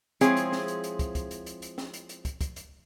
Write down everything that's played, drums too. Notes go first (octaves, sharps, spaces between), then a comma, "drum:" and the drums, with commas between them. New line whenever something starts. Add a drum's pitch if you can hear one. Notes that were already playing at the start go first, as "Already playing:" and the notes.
F3 G#3 C4 E4 G#4 C#5, drum: hi-hat
drum: hi-hat
drum: snare
drum: hi-hat
drum: hi-hat
drum: kick, hi-hat
drum: kick, hi-hat
drum: hi-hat
drum: hi-hat
drum: hi-hat
drum: snare
drum: hi-hat
drum: hi-hat
drum: kick, hi-hat
drum: kick, hi-hat
drum: hi-hat